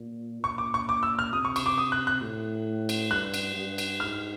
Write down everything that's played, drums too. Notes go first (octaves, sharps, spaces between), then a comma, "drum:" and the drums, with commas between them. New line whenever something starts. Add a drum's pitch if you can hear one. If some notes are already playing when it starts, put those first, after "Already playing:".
Already playing: A#2
A#2 C#6
D6
C#6
D6
E6
F6
C3 D#6
C#6
C#6, drum: cymbal
D6
D#6
F#6
F#6
A2
drum: cymbal
G2 F#6
drum: cymbal
G2
drum: cymbal
G#2 F6